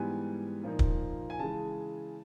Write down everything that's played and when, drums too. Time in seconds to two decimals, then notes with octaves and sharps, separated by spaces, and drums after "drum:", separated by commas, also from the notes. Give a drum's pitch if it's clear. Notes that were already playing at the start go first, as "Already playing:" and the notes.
Already playing: G#2 E3 G3 B3 G#5
0.63 A#2 F3 A#3 D#4
0.79 drum: kick
1.30 G#5
1.39 C#3 E3 G#3 A5